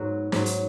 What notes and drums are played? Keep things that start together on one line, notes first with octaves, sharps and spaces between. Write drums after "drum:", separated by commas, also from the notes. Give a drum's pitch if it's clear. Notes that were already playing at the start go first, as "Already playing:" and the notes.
Already playing: G#2 F#3 B3 F#4
G#2 F#3, drum: snare
drum: hi-hat